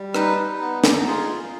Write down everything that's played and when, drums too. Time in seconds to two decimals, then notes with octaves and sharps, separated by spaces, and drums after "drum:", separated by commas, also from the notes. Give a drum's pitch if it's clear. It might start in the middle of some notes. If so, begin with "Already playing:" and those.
Already playing: G3
0.14 D#4 B4, drum: rim click
0.38 D#4
0.61 B3
0.84 D#4, drum: snare
1.07 F4 G#4
1.29 F4